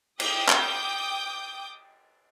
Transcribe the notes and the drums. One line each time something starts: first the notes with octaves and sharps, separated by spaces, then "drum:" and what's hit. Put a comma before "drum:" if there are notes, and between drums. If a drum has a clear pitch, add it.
G5 D6 D#6 G6, drum: cymbal
drum: clap